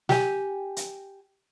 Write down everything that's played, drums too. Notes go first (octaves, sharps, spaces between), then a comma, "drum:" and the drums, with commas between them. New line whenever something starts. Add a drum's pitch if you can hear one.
G4 G#5, drum: snare
drum: hi-hat